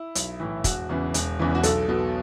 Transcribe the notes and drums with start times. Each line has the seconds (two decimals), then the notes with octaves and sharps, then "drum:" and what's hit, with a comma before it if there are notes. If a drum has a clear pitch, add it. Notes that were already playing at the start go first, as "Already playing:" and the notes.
Already playing: E4
0.15 B1, drum: hi-hat
0.40 A2 E3
0.64 E1 F#4, drum: kick, hi-hat
0.89 E2 C#3 E3
1.14 E1, drum: hi-hat
1.39 E2 C#3 E3
1.55 F#4
1.63 B1 A4, drum: hi-hat
1.89 B2